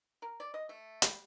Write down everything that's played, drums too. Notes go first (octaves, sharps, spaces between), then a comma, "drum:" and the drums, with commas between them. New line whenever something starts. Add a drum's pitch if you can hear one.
A#4
D5
D#5
A3
G3, drum: hi-hat